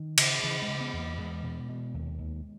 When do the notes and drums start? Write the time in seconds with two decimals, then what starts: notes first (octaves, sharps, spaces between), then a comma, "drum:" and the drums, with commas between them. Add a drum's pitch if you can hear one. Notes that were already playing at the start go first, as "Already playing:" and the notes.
Already playing: D#3
0.18 C#3, drum: cymbal
0.43 C#3 E3
0.62 G#3
0.68 C#3
0.80 B3
0.93 E2
0.99 A#3
1.18 E2 G#3
1.43 B2
1.68 B2
1.94 D#2
2.19 D#2